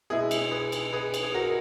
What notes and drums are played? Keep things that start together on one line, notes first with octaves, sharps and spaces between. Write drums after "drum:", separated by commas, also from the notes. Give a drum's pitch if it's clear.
B2 G#3 B3 E4 G#4
drum: cymbal
G#4 B4
drum: cymbal
G#4 B4
drum: cymbal
G#4
F#4 A#4